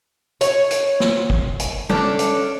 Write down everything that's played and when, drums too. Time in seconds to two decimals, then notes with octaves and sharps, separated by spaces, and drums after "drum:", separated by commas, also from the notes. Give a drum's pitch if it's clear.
0.41 C#5, drum: hi-hat
0.71 drum: hi-hat
1.00 drum: snare
1.30 drum: kick
1.60 drum: hi-hat
1.89 C#4 D4 A4, drum: tom
2.19 drum: hi-hat